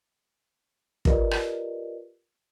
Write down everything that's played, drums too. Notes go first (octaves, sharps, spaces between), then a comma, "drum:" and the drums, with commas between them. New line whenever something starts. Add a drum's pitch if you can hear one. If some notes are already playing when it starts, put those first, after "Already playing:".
F4 G4 A#4 B4 D5 D#5, drum: kick
drum: rim click